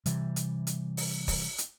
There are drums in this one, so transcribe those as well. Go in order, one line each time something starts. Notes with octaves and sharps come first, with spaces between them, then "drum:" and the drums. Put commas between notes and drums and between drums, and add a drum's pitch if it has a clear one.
C3 E3 G3, drum: hi-hat
drum: hi-hat
drum: hi-hat
drum: open hi-hat
drum: kick, open hi-hat
drum: hi-hat